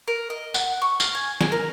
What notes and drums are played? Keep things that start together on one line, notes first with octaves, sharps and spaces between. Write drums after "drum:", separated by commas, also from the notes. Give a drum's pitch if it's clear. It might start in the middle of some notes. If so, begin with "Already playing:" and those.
A#4
D#5
F#5, drum: tambourine
C#6
F5, drum: tambourine
G#5
G#4, drum: snare
A#4